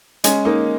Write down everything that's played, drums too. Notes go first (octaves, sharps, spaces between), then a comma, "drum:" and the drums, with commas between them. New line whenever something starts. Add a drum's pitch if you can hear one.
G#3 C#4, drum: hi-hat
A#3 D#4